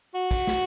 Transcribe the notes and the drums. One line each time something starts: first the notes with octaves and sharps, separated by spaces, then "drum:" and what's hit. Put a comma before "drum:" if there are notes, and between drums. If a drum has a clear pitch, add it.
F#4
drum: kick, cymbal
drum: snare